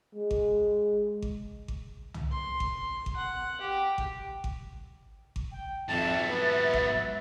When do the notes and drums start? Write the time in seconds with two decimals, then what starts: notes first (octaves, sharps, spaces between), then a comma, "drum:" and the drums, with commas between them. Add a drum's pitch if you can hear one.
0.15 G#3
0.31 drum: kick G#1
1.22 drum: kick G#1
1.68 drum: kick G#1
2.14 drum: tom
2.32 C6
2.60 drum: kick G#1
3.06 drum: kick G#1
3.16 F#5
3.61 G4
3.98 drum: kick G#1
4.44 drum: kick G#1
5.36 drum: kick G#1
5.52 G5
5.89 F2 G#2 F#3 E5 A5 A6
6.28 B3
6.74 drum: kick G#1